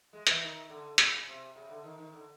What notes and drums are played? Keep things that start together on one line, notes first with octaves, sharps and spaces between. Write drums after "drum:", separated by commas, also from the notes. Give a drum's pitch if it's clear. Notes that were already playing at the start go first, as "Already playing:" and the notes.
G#3
E3, drum: hi-hat
D#3
D3
C#3, drum: hi-hat
C3
C#3
D3
D#3
D#3
D3